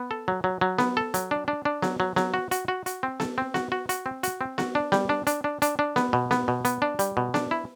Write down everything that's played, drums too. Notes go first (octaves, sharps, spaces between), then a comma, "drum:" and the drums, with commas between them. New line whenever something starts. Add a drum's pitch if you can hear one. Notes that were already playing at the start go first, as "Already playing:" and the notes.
Already playing: B3
A4
F#3
F#3
F#3
B3, drum: snare B3
A4
F#3, drum: hi-hat
D4
D4
D4
F#3, drum: snare B3
F#3
F#3, drum: snare B3
F#4
F#4, drum: hi-hat
F#4
F#4, drum: hi-hat
C4
A4, drum: snare B3
C4
F#4, drum: snare B3
F#4
F#4, drum: hi-hat
C4
F#4, drum: hi-hat
C4
F#4, drum: snare B3
D4
G3, drum: snare B3
D4
D4, drum: hi-hat
D4
D4, drum: hi-hat
D4
B3, drum: snare B3
B2
B3, drum: snare B3
B2
B3, drum: hi-hat
D4
G3, drum: hi-hat
B2
D4, drum: snare B3
E4